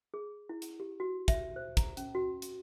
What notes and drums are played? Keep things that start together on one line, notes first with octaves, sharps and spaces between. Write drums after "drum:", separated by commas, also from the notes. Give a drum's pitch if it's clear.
G#4
E4
drum: hi-hat
G4
F#4
E5, drum: kick, hi-hat
C5
A#5, drum: kick, hi-hat
C#4, drum: hi-hat
F#4
drum: hi-hat